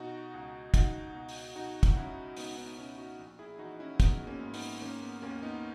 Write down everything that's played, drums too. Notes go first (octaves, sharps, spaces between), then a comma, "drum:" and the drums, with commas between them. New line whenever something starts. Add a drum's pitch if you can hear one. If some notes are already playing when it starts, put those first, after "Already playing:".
Already playing: B2 D#4 F#4
C#2
C#2 D#4 F#4, drum: kick, hi-hat
B2
drum: open hi-hat
B2 D#4 F#4
drum: kick, hi-hat
C#2 C#4 E4
C#2 B3 D#4, drum: open hi-hat
B3 D#4
B2 C#4 E4
D#4 F#4
A#1
E4 G#4
E3 D#4 F#4
D#4
C#4 E4
A#1 B3 D#4, drum: kick, hi-hat
A#3 C#4
G#2
B3 D#4, drum: open hi-hat
D#3 A#3 C#4
B3
D#2 A#3 C#4
B3 D#4